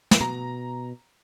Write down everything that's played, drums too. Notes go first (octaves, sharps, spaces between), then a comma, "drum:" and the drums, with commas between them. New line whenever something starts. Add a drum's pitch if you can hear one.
drum: snare
B2 A#5